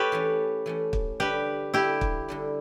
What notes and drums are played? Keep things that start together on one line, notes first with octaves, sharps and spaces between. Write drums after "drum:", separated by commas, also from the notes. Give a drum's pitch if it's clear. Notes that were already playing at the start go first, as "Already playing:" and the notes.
Already playing: G4 A4 B4 C#5
E3 A3 C#4
E3 A3 C#4
drum: kick
D3 G3 D4 G4 B4
D3 G3 D4 E4 G4
drum: kick
D3 G3 D4